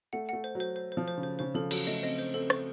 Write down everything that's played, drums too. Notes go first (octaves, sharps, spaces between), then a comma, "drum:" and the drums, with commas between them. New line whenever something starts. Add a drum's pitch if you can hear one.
A3 F#5
A3 F#5
C5
F#3
C5
C5
C5
F3
C5
C#3
C5
C#3 C5
F3 A4
F#3 A4, drum: cymbal
A3 D#5
C4 D#5
C5
C4 A4
C5, drum: rim click